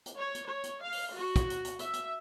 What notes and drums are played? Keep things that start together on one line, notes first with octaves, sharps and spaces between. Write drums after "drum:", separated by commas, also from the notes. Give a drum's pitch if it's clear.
drum: hi-hat
C#5
drum: hi-hat
C#5
drum: hi-hat
F5
drum: open hi-hat
F#4
drum: kick, hi-hat
drum: hi-hat
drum: hi-hat
E5, drum: hi-hat
drum: hi-hat